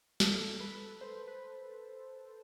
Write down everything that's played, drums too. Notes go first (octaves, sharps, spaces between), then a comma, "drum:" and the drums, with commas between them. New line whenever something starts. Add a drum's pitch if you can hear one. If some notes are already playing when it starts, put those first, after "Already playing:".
A4, drum: snare
B4
C5
B4